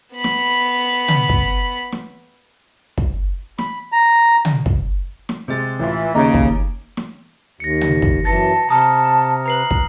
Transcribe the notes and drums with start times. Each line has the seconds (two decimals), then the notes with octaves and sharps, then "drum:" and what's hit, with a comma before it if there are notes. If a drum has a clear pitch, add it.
0.14 B3 B5
0.24 drum: snare
1.08 drum: tom
1.29 drum: kick
1.92 drum: snare
2.98 drum: kick
3.58 B5, drum: snare
3.92 A#5
4.45 drum: tom
4.66 drum: kick
5.29 drum: snare
5.48 C3 G#3 A6
5.79 A1 E3 F4
6.14 D#2 C#3 D#5 A#5 D6
6.34 drum: kick
6.97 drum: snare
7.60 D#2 A#6 C#7
7.81 drum: tom
8.02 drum: kick
8.25 F#2 E3 A5 A6 A#6 C#7
8.69 C3 A5 A#5 D#6 F6
9.46 B4 A#5 C7 F#7
9.71 drum: kick